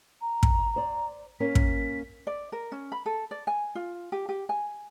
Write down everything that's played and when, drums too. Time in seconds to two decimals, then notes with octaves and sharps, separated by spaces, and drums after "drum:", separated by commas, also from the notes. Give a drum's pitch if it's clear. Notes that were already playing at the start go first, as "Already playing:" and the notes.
0.22 A#5
0.43 drum: kick
0.76 C5 D5
1.40 A#3 C#4 A#4 B6
1.55 drum: kick
2.27 D5
2.52 A#4
2.72 C#4
2.92 B5
3.06 A4
3.31 D5
3.47 G#5
3.75 F4
4.12 G4
4.29 G4
4.49 G#5